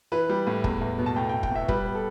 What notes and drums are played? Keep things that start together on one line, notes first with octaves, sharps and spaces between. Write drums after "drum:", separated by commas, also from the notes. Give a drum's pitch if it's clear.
E3 B4
G3
A2
E2, drum: kick
E2
B2
A5
A2 G5
A2 G5
G5, drum: kick
A2 E5
G3 B4, drum: kick
B3
A4